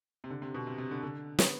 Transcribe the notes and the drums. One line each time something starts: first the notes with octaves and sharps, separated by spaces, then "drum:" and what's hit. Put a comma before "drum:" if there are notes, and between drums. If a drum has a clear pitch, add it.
C3
D3
C3
B2
C3
C3
D3
D3
B3, drum: snare